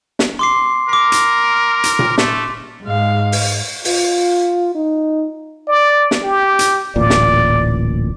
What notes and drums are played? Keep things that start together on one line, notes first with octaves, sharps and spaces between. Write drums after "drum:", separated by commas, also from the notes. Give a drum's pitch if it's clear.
drum: snare
C6 D6 C7
A#4 D6 C7
drum: hi-hat
drum: hi-hat
drum: tom A#2
A3, drum: snare
G#2 G#3 F5
drum: open hi-hat
F4, drum: open hi-hat
D#4
D5
drum: snare
G4
drum: hi-hat
D1 A1 A#2 D5
drum: snare